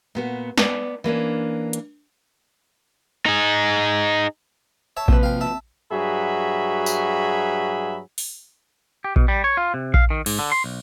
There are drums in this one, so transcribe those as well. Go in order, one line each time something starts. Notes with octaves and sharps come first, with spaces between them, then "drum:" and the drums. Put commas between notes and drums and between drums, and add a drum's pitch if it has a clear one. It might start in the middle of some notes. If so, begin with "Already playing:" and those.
A#2 B3 F#4
B3 B4 D5, drum: snare
E3 A#3 C#4 D4
drum: hi-hat
D#4 G#4
C#5 E5 A5
C3 F3 A#3 C4 B4, drum: kick A#1
F5 G5
E5 A5
G2 F#3 F#4 G#4 E5 B5
drum: tambourine
drum: open hi-hat
G4
B2, drum: kick A#1
G3
C#5
F4
C3
F5, drum: kick A#1
D#3
G#2, drum: cymbal
D3
C6
B1